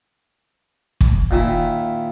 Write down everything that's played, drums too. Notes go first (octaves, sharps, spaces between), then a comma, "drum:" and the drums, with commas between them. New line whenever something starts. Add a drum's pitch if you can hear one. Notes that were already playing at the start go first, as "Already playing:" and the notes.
drum: kick
A#2 D#3 E4